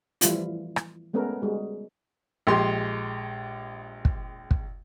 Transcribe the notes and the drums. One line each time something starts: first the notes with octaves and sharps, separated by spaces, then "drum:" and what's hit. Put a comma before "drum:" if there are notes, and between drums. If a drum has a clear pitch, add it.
E3 F3 G3 A3 E4 F4, drum: hi-hat
drum: rim click
G#3 A3 B3 C#4 A4 A#4
G3 G#3 F#4
A#1 G#3 G4 C6
drum: kick
drum: kick